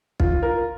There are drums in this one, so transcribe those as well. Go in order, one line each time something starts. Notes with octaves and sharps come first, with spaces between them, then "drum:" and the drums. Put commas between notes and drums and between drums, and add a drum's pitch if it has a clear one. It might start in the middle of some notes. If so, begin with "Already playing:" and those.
F4, drum: kick
F4 A#4